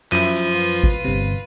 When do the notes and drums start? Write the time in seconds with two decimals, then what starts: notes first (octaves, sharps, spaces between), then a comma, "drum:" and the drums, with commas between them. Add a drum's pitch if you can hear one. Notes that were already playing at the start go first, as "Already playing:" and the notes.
0.12 F#2 F3 E4 D#7, drum: clap
0.36 drum: hi-hat
0.52 F4 B4
0.84 drum: kick
1.05 G1 C3